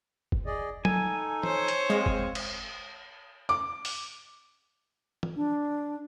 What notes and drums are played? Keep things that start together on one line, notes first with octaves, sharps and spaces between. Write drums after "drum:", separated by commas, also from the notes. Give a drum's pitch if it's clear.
drum: kick F#1
G#4 D5 D#5
D#4 A4 G#5, drum: tom
C5 C#5, drum: tom E3
drum: hi-hat
G#3 C4 F5
drum: kick F#1
drum: cymbal
D6
drum: open hi-hat
drum: tom E3
D4